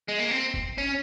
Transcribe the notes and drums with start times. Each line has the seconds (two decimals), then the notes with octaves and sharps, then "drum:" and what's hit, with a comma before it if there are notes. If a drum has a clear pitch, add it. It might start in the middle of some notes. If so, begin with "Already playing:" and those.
0.09 G#3
0.19 A#3
0.31 C4
0.54 drum: kick
0.78 C#4